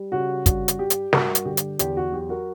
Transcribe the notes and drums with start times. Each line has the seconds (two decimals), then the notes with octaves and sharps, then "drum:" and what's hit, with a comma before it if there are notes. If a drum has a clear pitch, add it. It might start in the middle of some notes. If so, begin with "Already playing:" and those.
Already playing: G3
0.12 C#3 F#4
0.46 G2 F#4, drum: kick, hi-hat
0.68 drum: hi-hat
0.79 G3 G4
0.90 drum: hi-hat
1.13 G2 F#4 A#4, drum: snare
1.35 drum: hi-hat
1.45 D3 G4
1.57 drum: hi-hat
1.79 E2 G4, drum: hi-hat
1.97 F#4
2.12 F#3 G4
2.29 F#4 A#4